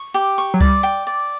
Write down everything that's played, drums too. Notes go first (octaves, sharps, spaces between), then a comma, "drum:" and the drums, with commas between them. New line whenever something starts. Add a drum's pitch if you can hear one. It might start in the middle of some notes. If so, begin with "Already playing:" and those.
Already playing: C#6
G4
C#6
F#3
G3 D5, drum: kick C#2
G5
D5